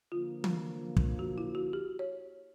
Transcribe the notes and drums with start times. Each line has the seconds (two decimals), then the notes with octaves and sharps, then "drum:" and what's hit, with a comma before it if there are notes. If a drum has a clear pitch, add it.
0.12 D3 F3 A#3 F4
0.44 drum: tom E3
0.96 drum: kick
1.19 F#4
1.38 E4
1.55 F#4
1.73 G4
1.99 C#5